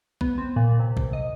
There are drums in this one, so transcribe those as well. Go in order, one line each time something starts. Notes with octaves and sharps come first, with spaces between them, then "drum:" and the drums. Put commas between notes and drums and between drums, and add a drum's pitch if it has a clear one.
B3, drum: kick A#1
C4
A#2
C3
drum: kick A#1
D#5